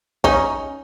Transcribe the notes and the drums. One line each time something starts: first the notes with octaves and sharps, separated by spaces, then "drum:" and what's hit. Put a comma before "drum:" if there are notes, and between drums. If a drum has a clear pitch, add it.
C#4 D#4, drum: kick